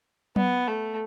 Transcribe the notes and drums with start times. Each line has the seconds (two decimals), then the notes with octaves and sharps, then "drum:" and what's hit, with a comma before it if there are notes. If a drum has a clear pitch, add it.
0.36 B3, drum: tom F#3
0.67 A3